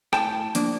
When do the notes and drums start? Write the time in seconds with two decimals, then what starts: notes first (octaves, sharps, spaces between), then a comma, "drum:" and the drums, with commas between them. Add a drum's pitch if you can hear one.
0.13 A2 G5 A5, drum: rim click
0.55 F3 A#3 D4, drum: hi-hat